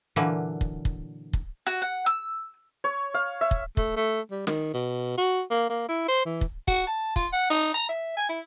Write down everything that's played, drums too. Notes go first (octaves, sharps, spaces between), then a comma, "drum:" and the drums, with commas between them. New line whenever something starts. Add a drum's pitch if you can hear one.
A#2 D3 E3 F#3 A#3
drum: kick
drum: kick
drum: kick
F#4
F#5
E6
C#5
F5
E5
drum: kick
A3, drum: kick
A3
G3
D#3, drum: snare
B2
F#4
A#3
A#3
E4
C5
E3
drum: kick
F#4, drum: kick
A5
F4, drum: kick
F#5
D#4
A#5
E5
G#5
E4